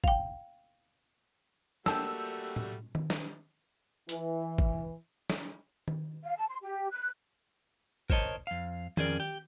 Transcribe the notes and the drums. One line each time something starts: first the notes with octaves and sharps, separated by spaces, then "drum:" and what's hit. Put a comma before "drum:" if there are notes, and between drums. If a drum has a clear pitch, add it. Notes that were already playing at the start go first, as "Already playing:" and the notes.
F5 G5, drum: kick
G3 A3 A#3 F#4 G5 A5 E6 G6, drum: snare
drum: tom A2
drum: tom D#3
drum: snare
E3, drum: hi-hat
drum: kick
drum: snare
drum: tom D#3
F5
A5
C6
G4
F#6
A#4 C5 C#5 D#5 A5, drum: kick
F2 F5
F2 C#4 G#4 A#4 D5, drum: tom D#3
G4